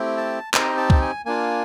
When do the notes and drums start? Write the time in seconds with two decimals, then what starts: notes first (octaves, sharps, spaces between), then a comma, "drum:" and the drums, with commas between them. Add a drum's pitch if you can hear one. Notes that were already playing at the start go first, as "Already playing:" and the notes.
Already playing: A3 C4 E4 G4
0.17 A5
0.54 C4 D#4 G4 A#5, drum: clap
0.77 A5
0.90 drum: kick C2
1.01 G#5
1.25 A#3 D4 F4 G#5